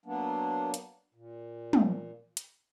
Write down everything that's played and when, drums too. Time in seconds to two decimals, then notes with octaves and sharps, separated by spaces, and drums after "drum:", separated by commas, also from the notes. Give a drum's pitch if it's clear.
0.06 F#3 A#3 B3 D4
0.74 drum: hi-hat
1.14 A#2
1.73 drum: tom
2.37 drum: hi-hat